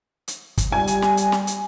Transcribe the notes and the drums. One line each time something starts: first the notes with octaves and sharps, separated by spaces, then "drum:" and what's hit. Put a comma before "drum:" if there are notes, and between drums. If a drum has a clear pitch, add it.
drum: hi-hat
drum: kick, hi-hat
G3 G#5
drum: hi-hat
drum: snare
drum: hi-hat
drum: snare
drum: hi-hat